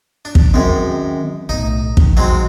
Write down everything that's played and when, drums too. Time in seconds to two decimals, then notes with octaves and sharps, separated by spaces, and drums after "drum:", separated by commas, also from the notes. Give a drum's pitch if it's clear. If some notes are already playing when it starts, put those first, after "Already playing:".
0.25 D4
0.35 drum: kick
0.54 F#2 D#3 G#3 C4 C#4
1.49 B1 A2 D#4
1.97 A#1 D#3, drum: kick
2.17 F#3 G#3 C4